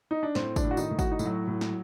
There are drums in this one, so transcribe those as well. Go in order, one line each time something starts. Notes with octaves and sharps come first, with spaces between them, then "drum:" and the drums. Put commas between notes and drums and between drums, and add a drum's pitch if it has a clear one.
D#4
D4
A2 C4, drum: snare
D4, drum: kick, tambourine
A2
F#4
D#3 D#4, drum: tambourine
A2
F#4, drum: kick, tambourine
D#4
A2, drum: tambourine
F#3 F#4
A2
drum: snare